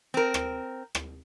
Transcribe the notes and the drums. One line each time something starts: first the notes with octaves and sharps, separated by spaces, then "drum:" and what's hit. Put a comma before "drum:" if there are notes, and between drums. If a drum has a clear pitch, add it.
C4 A#4
drum: rim click
drum: rim click